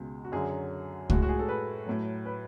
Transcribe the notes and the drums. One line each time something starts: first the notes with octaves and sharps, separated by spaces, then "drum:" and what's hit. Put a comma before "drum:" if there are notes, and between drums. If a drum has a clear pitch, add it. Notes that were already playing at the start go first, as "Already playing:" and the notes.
Already playing: C#2 B2 G#3
F#4
F#2 D3 F#3 G#4
A2 G#3 F#4, drum: kick
F#4
G#4
A4
B4
A2 F#3
B4